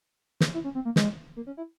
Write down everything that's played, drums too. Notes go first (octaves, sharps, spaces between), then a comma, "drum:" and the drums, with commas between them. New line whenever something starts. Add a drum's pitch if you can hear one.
drum: snare
E4
C#4
C4
A#3
G#3, drum: snare
A#3
C#4
E4